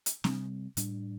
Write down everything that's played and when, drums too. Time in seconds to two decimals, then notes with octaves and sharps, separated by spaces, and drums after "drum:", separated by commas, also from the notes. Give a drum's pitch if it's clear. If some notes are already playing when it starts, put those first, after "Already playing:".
0.06 drum: hi-hat
0.24 C3 G3 C4, drum: snare C4
0.77 A2 G3 D4, drum: hi-hat